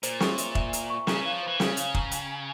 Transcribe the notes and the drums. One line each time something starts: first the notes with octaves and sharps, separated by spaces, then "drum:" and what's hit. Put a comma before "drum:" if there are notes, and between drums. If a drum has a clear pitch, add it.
A#2 C5, drum: hi-hat
C#6, drum: snare
E5, drum: hi-hat
E5, drum: kick
A#5, drum: hi-hat
C#6
C#3 A#5, drum: snare
E3 F5
F3
E3 C5
C#3 C5, drum: snare
F5, drum: hi-hat
A#5, drum: kick
G5, drum: hi-hat
G5